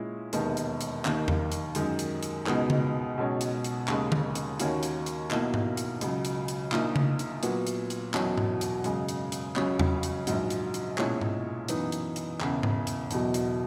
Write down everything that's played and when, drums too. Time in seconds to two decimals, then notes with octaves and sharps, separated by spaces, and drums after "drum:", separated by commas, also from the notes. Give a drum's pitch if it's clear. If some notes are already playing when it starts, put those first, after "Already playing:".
Already playing: A#2 G#3 C#4 E4
0.33 E1 D#2 D#3 G#3 B3, drum: hi-hat
0.57 drum: hi-hat
0.81 drum: hi-hat
1.05 D#2 D#3 A#3, drum: clap
1.28 drum: tom E2
1.52 drum: hi-hat
1.75 F#2 D#3 G#3, drum: hi-hat
1.99 drum: hi-hat
2.23 drum: hi-hat
2.46 C#2 B2 G#3 B3 D#4, drum: clap
2.70 drum: tom C#3
3.17 B1 B2 G#3 C#4
3.41 drum: hi-hat
3.64 drum: hi-hat
3.88 D#2 C#3 G#3, drum: clap
4.12 drum: tom D3
4.35 drum: hi-hat
4.60 D#2 D#3 A#3 C#4 F#4, drum: hi-hat
4.83 drum: hi-hat
5.06 drum: hi-hat
5.31 B1 B2 A#3 E4, drum: clap
5.54 drum: tom G#2
5.77 drum: hi-hat
6.01 C#2 C#3 F#3, drum: hi-hat
6.25 drum: hi-hat
6.48 drum: hi-hat
6.72 A#1 A#2 A#3 D#4, drum: clap
6.96 drum: tom C#3
7.19 drum: hi-hat
7.43 A#2 F#3 B3 F#4, drum: hi-hat
7.67 drum: hi-hat
7.90 drum: hi-hat
8.14 E1 E2 B2 F#3 C#4, drum: clap
8.38 drum: tom G#2
8.61 drum: hi-hat
8.84 F#2 C#3 G#3, drum: hi-hat
9.08 drum: hi-hat
9.32 drum: hi-hat
9.56 C#2 C#3 F#3 C#4, drum: clap
9.79 drum: tom E2
10.03 drum: hi-hat
10.27 A#1 G#2 F#3, drum: hi-hat
10.50 drum: hi-hat
10.74 drum: hi-hat
10.98 B1 A#2 G#3 C#4 E4, drum: clap
11.21 drum: tom G#2
11.68 F#2 E3 B3 D#4, drum: hi-hat
11.92 drum: hi-hat
12.16 drum: hi-hat
12.40 E1 E2 C#3, drum: clap
12.63 drum: tom G#2
12.87 drum: hi-hat
13.11 E1 E2 B2 F#3, drum: hi-hat
13.34 drum: hi-hat